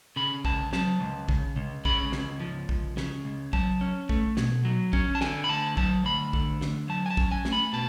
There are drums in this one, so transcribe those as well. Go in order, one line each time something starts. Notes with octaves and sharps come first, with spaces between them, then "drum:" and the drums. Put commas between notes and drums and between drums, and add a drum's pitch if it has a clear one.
C#3 B5
C#2 A5, drum: kick
F#3 A5, drum: snare
C#2
C#3, drum: kick
C#2
C#3 B5, drum: kick
C#2, drum: snare
F3
C#2, drum: kick
C#3, drum: snare
C#2
F#3 A5, drum: kick
C#4
A3, drum: kick
B2, drum: snare
F#3
C#4, drum: kick
A5
D3 G#5, drum: snare
B5
D2 A5
F#3 A5, drum: kick
D2 B5
D3, drum: kick
D2, drum: snare
F#3 A5
G#5
A5
C#4, drum: kick
G#5
A3, drum: snare
B5
B2 A5